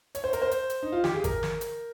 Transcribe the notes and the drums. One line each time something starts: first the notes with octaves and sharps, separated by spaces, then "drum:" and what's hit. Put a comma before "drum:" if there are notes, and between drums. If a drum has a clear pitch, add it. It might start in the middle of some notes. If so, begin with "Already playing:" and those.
C#5, drum: hi-hat
C5
A#4, drum: hi-hat
C5
drum: hi-hat
drum: hi-hat
D#4
F4
G4, drum: snare
G#4
A#4, drum: kick G#1, hi-hat
drum: snare
drum: hi-hat